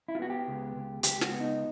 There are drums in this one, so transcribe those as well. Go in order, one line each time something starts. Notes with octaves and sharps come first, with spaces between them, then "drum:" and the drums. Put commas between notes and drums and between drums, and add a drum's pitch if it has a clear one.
E4
F4
B3 F#4
G4
C#2
C#2
C#2 G4, drum: hi-hat
F#4, drum: snare
B3
D#4